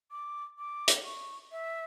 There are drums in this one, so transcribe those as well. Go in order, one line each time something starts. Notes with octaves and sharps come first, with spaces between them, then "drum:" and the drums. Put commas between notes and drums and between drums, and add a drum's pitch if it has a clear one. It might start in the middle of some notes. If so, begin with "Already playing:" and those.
D6
D6
drum: hi-hat
C#6
E5